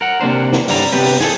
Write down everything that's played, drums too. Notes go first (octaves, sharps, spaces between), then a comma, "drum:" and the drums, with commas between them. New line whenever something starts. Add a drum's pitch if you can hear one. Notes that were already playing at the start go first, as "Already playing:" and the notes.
A#4 F#5
C3 A#3 D4 C5
drum: snare
G2 D3 G3 A#5, drum: open hi-hat
C3 B3 G4 B4
drum: open hi-hat
G#4 A4, drum: snare